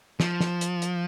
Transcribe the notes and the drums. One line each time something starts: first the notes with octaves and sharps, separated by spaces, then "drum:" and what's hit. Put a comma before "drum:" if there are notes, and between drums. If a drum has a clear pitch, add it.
F3, drum: snare
drum: snare
drum: hi-hat
drum: hi-hat